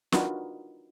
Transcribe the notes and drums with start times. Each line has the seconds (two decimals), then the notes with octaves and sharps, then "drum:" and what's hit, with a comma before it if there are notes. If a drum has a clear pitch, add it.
0.12 D4 D#4 F4 F#4 A#4 B4, drum: snare